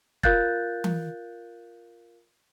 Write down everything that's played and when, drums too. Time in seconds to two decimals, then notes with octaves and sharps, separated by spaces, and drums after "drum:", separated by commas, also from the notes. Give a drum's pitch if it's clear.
0.23 F4 A#4 F5 F#6 G6 A6, drum: kick E1
0.84 drum: tom E3